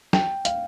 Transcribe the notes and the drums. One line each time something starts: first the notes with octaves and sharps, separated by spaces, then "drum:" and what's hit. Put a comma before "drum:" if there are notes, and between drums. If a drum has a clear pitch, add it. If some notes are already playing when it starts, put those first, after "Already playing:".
G5, drum: snare
F5, drum: hi-hat